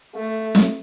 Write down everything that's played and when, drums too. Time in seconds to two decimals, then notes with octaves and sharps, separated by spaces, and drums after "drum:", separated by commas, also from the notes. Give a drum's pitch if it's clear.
0.15 A3
0.55 drum: snare